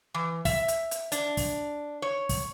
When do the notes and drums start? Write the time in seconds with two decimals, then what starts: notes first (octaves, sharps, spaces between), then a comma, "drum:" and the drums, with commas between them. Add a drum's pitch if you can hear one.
0.14 E3
0.45 E5, drum: kick, open hi-hat
0.68 drum: hi-hat
0.91 drum: hi-hat
1.12 D4, drum: hi-hat
1.37 drum: kick, open hi-hat
2.02 C#5
2.29 drum: kick, open hi-hat